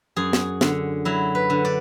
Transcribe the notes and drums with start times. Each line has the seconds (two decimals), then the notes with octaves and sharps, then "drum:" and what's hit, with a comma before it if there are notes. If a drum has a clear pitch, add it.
0.16 F#2 G#4
0.33 drum: snare
0.61 D3, drum: snare
1.05 F#3 E4
1.35 B4
1.50 D3
1.65 D5